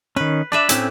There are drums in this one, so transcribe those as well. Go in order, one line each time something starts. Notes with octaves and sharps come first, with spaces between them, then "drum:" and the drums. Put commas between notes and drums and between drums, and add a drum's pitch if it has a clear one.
D#3 C#4 B4
D4 B4 D5 E5
A2 C4 C#4, drum: hi-hat